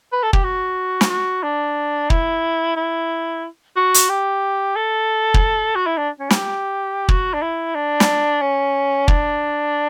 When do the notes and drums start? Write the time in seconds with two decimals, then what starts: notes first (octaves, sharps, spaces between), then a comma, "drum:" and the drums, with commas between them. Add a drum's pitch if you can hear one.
0.13 B4
0.23 A4
0.33 G4, drum: kick
0.44 F#4
1.01 drum: snare
1.10 F#4
1.43 D4
2.10 E4, drum: kick
2.76 E4
3.76 F#4
3.94 drum: hi-hat
4.09 G4
4.76 A4
5.34 drum: kick
5.75 F#4
5.86 E4
5.98 D4
6.20 C#4
6.30 G4, drum: snare
7.09 F#4, drum: kick
7.34 D4
7.42 E4
7.75 D4
8.00 drum: snare
8.41 C#4
9.08 D4, drum: kick